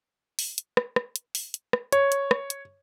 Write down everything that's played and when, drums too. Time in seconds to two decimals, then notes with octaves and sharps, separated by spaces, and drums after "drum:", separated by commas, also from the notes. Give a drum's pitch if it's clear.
0.39 drum: open hi-hat
0.58 drum: hi-hat
0.77 drum: rim click
0.96 drum: rim click
1.16 drum: hi-hat
1.35 drum: open hi-hat
1.54 drum: hi-hat
1.73 drum: rim click
1.92 C#5, drum: hi-hat
2.12 drum: hi-hat
2.31 drum: rim click
2.50 drum: hi-hat